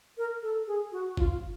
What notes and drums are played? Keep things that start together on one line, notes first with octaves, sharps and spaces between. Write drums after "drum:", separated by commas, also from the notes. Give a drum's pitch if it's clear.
A#4
A4
G#4
F#4
F4, drum: kick G1